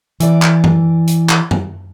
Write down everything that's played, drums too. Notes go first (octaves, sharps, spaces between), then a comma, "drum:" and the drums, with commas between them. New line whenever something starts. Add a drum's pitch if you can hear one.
E3 D5, drum: hi-hat
drum: clap
drum: tom F#2
drum: hi-hat
drum: clap
drum: tom F#2